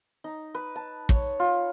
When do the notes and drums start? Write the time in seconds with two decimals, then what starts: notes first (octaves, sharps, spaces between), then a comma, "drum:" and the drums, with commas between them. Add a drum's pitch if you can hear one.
0.24 D#4
0.54 B4
0.75 A5
1.09 C#5, drum: kick
1.40 F4